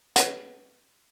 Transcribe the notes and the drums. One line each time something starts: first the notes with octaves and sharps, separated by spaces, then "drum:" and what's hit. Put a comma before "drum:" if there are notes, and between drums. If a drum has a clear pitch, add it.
B4 C#5 F#5, drum: hi-hat